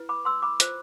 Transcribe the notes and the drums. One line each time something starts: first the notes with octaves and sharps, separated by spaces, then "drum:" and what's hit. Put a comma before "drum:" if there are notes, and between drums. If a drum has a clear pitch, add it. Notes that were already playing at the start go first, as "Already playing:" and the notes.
Already playing: E4 B4
B5 D6
C6 E6
B5 D6
F4 C5, drum: hi-hat